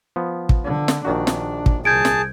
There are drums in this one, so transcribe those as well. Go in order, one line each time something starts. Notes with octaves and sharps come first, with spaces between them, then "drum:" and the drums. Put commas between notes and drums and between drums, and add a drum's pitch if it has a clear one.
F3 B3
drum: kick
D3
drum: snare
A#1 D#3 D4 F#4
drum: snare
drum: kick
C2 G#4 A5 G6 G#6 D7
drum: snare